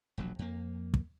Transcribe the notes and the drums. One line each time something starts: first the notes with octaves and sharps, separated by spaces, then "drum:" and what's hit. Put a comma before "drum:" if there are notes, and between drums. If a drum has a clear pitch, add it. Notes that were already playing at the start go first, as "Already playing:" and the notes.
E1 A#1 F#3
F2 A#3
drum: kick